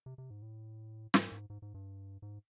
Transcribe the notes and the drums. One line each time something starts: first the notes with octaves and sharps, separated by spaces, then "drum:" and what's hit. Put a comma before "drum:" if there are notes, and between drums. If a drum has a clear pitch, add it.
C3
C3
G#2
A2
G#2, drum: snare
G#2
G#2
G#2
G2
G#2